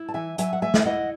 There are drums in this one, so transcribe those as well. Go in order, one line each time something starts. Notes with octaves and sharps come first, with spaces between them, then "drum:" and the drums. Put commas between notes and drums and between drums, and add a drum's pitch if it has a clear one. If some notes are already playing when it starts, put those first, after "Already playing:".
Already playing: E4
A5
E3 E5 G#5
F#3 E5 G#5, drum: hi-hat
F#5
A3 E5 G#5
drum: snare
E4 D#5 F#5